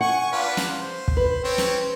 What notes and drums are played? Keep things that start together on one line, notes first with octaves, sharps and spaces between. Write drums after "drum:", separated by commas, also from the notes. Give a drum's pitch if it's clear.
F#5 G#5 C#6
D4 F4 B4
drum: snare
C5
drum: kick
B4
C4 C#4 C5
drum: snare